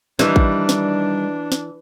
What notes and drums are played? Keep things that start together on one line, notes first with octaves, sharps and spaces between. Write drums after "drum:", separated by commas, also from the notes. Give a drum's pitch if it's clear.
D#3 E3 G3 D4, drum: snare
drum: kick A1
drum: snare
drum: snare